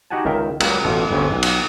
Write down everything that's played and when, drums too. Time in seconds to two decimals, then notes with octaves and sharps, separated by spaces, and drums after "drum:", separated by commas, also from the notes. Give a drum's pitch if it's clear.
0.10 D#4 F#4 G4 F#5 G#5 A5
0.25 C#2 D#3 A#4 E5 G5
0.60 C#2 F#3 G3 A#3, drum: cymbal
0.85 A1 B2 F4 A4
1.11 G1 D2 C#3 C4 C#4
1.31 B1
1.43 drum: cymbal